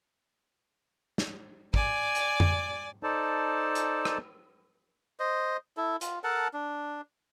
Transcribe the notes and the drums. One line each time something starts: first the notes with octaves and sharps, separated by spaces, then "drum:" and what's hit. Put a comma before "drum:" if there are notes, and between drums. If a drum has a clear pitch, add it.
drum: snare
D5 G#5, drum: kick
drum: hi-hat
drum: tom F2
D#4 A4 C5 D5 A5
drum: hi-hat
drum: rim click
C5 D#5
E4 A4
F4, drum: hi-hat
A4 A#4 F#5 A5
D4